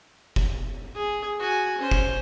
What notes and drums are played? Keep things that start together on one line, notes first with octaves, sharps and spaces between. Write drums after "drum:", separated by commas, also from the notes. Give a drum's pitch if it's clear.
drum: kick
G#4
F#4 G#5
C#4 C5
drum: kick